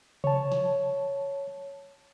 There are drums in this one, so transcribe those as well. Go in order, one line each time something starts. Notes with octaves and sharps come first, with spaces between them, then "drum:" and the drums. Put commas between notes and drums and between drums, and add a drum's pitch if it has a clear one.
C#5 A5, drum: tom C3
drum: snare